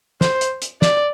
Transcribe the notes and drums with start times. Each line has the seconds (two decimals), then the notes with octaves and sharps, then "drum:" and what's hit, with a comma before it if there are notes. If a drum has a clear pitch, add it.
0.21 C5, drum: snare
0.41 drum: hi-hat
0.62 drum: hi-hat
0.82 D5, drum: snare